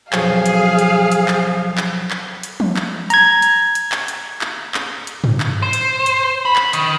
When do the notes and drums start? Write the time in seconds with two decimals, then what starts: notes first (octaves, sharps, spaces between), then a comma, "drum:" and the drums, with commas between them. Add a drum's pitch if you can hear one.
0.13 B1 F2 F3 G#4 F5, drum: clap
0.46 drum: hi-hat
0.79 drum: hi-hat
1.12 drum: hi-hat
1.28 drum: clap
1.78 drum: clap
2.10 drum: clap
2.43 drum: hi-hat
2.60 drum: tom
2.76 drum: clap
3.10 A#5 G#6, drum: hi-hat
3.42 drum: hi-hat
3.75 drum: hi-hat
3.92 drum: clap
4.08 drum: hi-hat
4.41 drum: clap
4.74 drum: clap
5.07 drum: hi-hat
5.24 drum: tom
5.40 drum: clap
5.62 C5
5.73 drum: hi-hat
6.06 drum: hi-hat
6.45 B5
6.56 drum: clap
6.73 D#3, drum: hi-hat